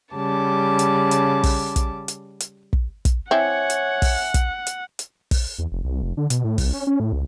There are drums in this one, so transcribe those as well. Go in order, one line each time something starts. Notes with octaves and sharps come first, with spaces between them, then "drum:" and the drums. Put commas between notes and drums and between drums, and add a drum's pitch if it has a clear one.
C#3 G3 A5 D6
drum: hi-hat
drum: hi-hat
drum: kick, open hi-hat
drum: kick, hi-hat
drum: hi-hat
drum: hi-hat
drum: kick
drum: kick, hi-hat
C4 E4 C#5 E5 F#5 G#5 D6
drum: hi-hat
drum: kick, open hi-hat
drum: kick, hi-hat
drum: hi-hat
drum: hi-hat
drum: kick, open hi-hat
E2
F1
C2
F1
D3
B2, drum: hi-hat
A2
C2, drum: kick, open hi-hat
C#4
C#4
A2
C#2